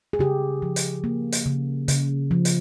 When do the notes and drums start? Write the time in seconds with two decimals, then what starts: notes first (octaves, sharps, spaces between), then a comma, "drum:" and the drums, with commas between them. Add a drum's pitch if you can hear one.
0.13 G#4
0.19 C#3 G4
0.62 F3
0.76 drum: hi-hat
1.04 A#3
1.32 drum: hi-hat
1.46 C#3
1.88 C#3, drum: hi-hat
2.31 F3
2.45 drum: hi-hat